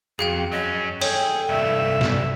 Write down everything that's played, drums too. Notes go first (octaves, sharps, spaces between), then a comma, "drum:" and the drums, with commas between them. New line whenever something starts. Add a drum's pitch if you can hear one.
F2 F#4 G#4 F5 G5
F#3 C#4 D#5
G#4 A4 C#5 G5, drum: open hi-hat
C2 G2 E5
drum: snare